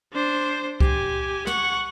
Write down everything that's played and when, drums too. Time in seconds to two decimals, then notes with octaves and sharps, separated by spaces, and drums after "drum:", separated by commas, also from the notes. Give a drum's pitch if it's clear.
0.13 D4 C5
0.80 G4 G#5, drum: kick C2
1.47 F#5 C#6, drum: snare